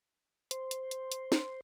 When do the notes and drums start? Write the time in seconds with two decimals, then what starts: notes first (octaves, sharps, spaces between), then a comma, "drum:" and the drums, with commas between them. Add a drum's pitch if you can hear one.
0.51 C5, drum: hi-hat
0.71 drum: hi-hat
0.91 drum: hi-hat
1.12 drum: hi-hat
1.32 drum: snare